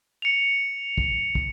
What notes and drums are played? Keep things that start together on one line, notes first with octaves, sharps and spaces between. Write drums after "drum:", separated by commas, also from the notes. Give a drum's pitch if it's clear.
C#7 F7
drum: kick
drum: kick